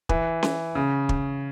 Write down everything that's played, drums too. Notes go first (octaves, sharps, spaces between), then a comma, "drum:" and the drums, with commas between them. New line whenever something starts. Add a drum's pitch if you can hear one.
E3, drum: kick
drum: snare C#4
C#3
drum: kick